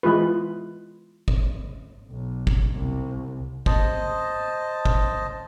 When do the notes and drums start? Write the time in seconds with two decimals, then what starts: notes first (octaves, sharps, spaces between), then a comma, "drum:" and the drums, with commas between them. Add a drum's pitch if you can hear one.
0.03 E3 G#3 F4 B4
1.28 drum: kick G1
2.11 B1
2.47 drum: kick G1
2.75 C2
3.66 C5 D#5 A5, drum: kick G1
4.85 drum: kick G1